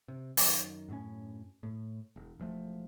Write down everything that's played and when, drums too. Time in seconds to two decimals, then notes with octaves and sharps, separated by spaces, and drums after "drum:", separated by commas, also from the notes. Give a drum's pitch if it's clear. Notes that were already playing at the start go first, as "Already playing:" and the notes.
0.08 C3
0.37 F#2 D#3, drum: open hi-hat
0.88 F#2 A2 C#4
1.63 A2
2.16 E1
2.40 E1 F3 A3